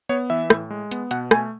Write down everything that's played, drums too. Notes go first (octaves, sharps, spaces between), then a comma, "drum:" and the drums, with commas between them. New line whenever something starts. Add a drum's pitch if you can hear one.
B3 C#5
E3 E5
A2, drum: rim click
G#3
B3, drum: hi-hat
B2 F#5, drum: hi-hat
A3 G#5, drum: rim click